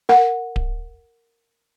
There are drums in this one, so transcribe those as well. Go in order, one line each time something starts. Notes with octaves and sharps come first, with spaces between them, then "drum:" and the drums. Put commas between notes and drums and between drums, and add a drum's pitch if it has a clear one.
A#4 F#5
drum: kick D1